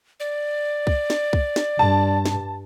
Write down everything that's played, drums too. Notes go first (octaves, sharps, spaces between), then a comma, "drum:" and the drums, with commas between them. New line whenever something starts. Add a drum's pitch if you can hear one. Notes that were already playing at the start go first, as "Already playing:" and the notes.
D5
drum: kick C2
drum: snare
drum: kick C2
drum: snare
G2 A5
drum: snare